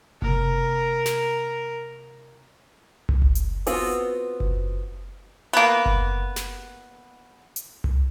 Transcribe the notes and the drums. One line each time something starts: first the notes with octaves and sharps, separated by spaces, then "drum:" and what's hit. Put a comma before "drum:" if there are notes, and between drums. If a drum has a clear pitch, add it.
C3 A#3 A#4, drum: kick F#1
drum: snare
drum: tom C2
drum: kick F#1
drum: hi-hat
B3 C4 F4 F#4, drum: open hi-hat
drum: kick F#1
A#3 B3
drum: kick F#1
drum: snare
drum: hi-hat
drum: tom C2